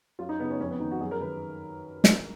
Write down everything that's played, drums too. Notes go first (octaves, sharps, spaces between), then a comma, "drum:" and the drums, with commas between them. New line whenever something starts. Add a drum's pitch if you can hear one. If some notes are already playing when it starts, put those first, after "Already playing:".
F#2 F4
D#4
C#3 B3
C#4
F2 C#4
B3
D#3 D#4
F#4
F#2 G#4
A#4
D#3 B4
drum: snare